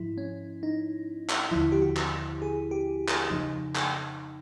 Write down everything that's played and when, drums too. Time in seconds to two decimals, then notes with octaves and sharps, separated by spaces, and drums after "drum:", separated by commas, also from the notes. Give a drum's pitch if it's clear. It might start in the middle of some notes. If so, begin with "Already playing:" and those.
Already playing: G#2 F3 E4
0.18 C#4
0.63 D#4
1.29 drum: clap
1.51 D#2 D3 F3 E4
1.72 G4
1.82 F#4
1.97 drum: clap
2.42 G#4
2.71 G4
3.08 drum: clap
3.30 F2 C#3 F3 D#4
3.75 drum: clap